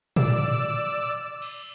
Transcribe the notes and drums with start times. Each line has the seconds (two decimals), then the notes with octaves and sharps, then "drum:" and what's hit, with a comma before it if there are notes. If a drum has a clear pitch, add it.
0.16 D5 E6, drum: tom
1.42 drum: cymbal